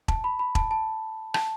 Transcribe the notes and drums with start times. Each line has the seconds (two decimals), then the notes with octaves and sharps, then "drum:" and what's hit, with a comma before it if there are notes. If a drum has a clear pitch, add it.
0.08 A5, drum: kick E1
0.24 B5
0.39 B5
0.55 A5, drum: kick E1
0.71 A5
1.34 A5, drum: rim click